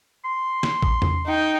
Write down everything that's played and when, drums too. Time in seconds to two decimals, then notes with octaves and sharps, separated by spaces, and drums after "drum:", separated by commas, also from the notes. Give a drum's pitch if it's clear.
0.25 C6
0.63 drum: snare
0.83 drum: kick
1.02 drum: tom E2
1.26 D#4 G5